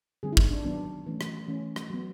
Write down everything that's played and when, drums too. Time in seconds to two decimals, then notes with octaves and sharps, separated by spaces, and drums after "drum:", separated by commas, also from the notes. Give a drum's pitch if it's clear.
0.23 D3 G3 C4 G#4
0.33 E4
0.37 D#4, drum: kick
0.51 D4
0.65 D#3 F#3 B3 D4
1.07 E3 A3 C#4
1.21 drum: rim click
1.48 E3 A3 C#4
1.76 drum: rim click
1.90 F#3 B3